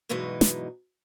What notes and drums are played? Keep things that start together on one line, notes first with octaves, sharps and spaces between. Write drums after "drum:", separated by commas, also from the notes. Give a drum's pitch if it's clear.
G2 B2 E3 F#3 G#3 D#4
drum: snare